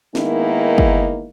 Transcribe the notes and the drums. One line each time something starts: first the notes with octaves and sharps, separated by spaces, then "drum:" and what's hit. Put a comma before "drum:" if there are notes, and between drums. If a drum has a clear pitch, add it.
D#3 G#3 A#3 B3 D#4 E4, drum: snare
drum: kick